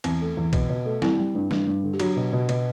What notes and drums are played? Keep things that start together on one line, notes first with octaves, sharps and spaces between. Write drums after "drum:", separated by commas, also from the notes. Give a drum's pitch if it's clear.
E2 C4, drum: cymbal
A3
E2
B2, drum: kick, cymbal
B2
A3
G3 C4 E4, drum: snare
G3
G2
G2, drum: snare
G2
D3
G4
F#3 D4 F#4, drum: cymbal
B2
B2
B2, drum: cymbal